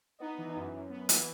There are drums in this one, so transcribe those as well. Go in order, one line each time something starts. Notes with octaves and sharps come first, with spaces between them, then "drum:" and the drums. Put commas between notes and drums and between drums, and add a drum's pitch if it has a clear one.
B3 D#4
E3
F#2
F#2
B3
E3, drum: hi-hat